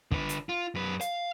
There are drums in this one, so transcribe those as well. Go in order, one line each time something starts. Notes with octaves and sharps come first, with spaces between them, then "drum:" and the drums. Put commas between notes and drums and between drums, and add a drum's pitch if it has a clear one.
D3 B4, drum: kick
drum: hi-hat
F4
F#2 B4
F5, drum: hi-hat